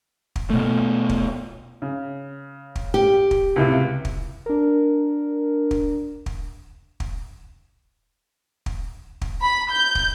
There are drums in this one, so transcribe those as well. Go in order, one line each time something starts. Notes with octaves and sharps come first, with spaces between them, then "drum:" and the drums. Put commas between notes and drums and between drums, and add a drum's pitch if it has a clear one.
drum: kick
B2 A3
drum: kick
C#3
drum: kick
G4
drum: kick
C#2 A2 C3
drum: kick
D4 A#4
drum: kick
drum: kick
drum: kick
drum: kick
drum: kick
B5
G6
drum: kick